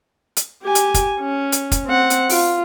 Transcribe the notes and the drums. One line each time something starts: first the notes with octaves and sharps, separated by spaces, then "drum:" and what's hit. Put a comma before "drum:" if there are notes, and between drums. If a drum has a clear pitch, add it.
drum: hi-hat
G4 G#5
drum: hi-hat
drum: kick, hi-hat
C#4
drum: hi-hat
drum: kick, hi-hat
C4 F#5
drum: hi-hat
F4, drum: open hi-hat